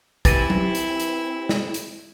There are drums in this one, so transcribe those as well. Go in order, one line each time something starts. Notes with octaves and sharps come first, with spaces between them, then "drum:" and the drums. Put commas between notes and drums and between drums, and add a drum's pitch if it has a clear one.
C4 E4 G4 B4 G#5 A6 A#6 D#7, drum: kick, hi-hat
drum: tom F#3
drum: hi-hat
drum: hi-hat
drum: snare
drum: hi-hat